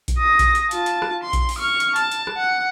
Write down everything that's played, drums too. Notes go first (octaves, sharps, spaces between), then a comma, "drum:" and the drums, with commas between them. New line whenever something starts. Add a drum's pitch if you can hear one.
drum: kick A#1, hi-hat
D#6 A#6
drum: kick A#1, hi-hat
drum: hi-hat
F4 A5, drum: hi-hat
drum: hi-hat
drum: rim click
C6
drum: kick A#1, hi-hat
drum: open hi-hat
C#6 F6
drum: hi-hat
A5, drum: hi-hat
drum: hi-hat
drum: rim click
F#5